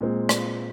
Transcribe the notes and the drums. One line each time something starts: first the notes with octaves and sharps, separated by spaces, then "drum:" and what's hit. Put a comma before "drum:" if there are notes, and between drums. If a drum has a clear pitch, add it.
A#2 G#3 C4
drum: rim click